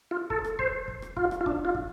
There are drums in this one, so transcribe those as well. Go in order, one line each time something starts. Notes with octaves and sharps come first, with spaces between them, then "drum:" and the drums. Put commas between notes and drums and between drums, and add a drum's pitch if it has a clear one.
F4
A4, drum: kick
drum: rim click
C5, drum: kick
drum: kick
drum: rim click
F4, drum: kick
drum: rim click
F4
D4, drum: kick
F4
drum: kick